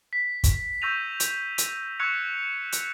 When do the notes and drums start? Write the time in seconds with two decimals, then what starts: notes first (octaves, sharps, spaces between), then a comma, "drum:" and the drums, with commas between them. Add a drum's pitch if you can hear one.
0.13 B6
0.44 drum: kick, hi-hat
0.82 C#6 E6 G6 A#6 D#7 F7
1.20 drum: hi-hat
1.58 drum: hi-hat
1.99 C#6 E6 F#6 G#6 C#7 F7
2.72 drum: hi-hat